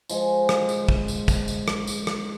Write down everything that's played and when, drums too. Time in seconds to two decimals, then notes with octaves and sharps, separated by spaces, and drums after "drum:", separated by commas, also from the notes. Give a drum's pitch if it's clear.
0.09 F3 G#3, drum: tambourine
0.49 drum: rim click
0.69 drum: tambourine
0.89 drum: kick
1.08 drum: tambourine
1.28 drum: kick, tambourine
1.48 drum: tambourine
1.68 drum: rim click
1.87 drum: tambourine
2.07 drum: rim click